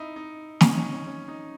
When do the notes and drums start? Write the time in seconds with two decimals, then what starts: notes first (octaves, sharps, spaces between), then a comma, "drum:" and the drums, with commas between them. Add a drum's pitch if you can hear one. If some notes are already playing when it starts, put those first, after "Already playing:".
Already playing: D#4 E4
0.16 D#4
0.61 C#4, drum: snare
0.70 D#4
0.77 C#4
0.92 C#4
1.06 C#4
1.28 D#4